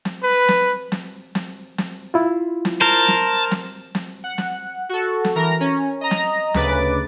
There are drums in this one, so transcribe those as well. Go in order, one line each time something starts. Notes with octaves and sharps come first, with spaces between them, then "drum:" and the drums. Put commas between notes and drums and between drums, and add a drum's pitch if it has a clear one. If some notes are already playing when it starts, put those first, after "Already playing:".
drum: snare
B4
drum: snare
drum: snare
drum: snare
drum: snare
E4 F4
drum: snare
A#4 C5 A5
drum: snare
drum: snare
drum: snare
F#5
drum: snare
F#4 A4
drum: snare
E3 A#4 A#5
C#4
D#5 A#5
drum: snare
D2 C#3 B4 D6 A6, drum: snare